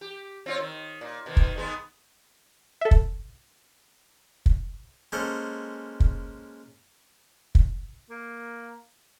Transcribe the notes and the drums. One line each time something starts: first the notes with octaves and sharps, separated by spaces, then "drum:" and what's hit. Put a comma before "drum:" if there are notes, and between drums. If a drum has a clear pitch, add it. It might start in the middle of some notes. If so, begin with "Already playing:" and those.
G4
C4 F4 C#5
D#3
A#2
B2 D#3
drum: kick
D#3 G#3 B3
A4 E5
drum: kick
drum: kick
G#3 A#3 C#4 A4 C5 D#5
drum: kick
drum: kick
A#3